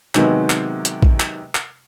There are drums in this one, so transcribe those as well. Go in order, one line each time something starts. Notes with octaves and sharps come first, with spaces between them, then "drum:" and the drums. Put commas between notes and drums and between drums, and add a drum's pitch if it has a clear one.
C3 D#3 F#3 G#3 B3, drum: clap
drum: clap
drum: hi-hat
drum: kick
drum: clap
drum: clap